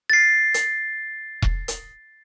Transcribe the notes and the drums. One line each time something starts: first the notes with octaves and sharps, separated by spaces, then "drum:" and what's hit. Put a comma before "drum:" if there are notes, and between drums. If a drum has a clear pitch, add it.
A6 C7
drum: hi-hat
drum: kick E1
drum: hi-hat